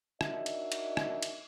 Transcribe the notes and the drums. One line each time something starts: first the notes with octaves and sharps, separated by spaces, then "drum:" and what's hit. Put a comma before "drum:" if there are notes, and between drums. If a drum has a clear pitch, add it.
D4 D#4 F#4 A#4 D#5 E5, drum: rim click
drum: cymbal
drum: cymbal
drum: rim click
drum: cymbal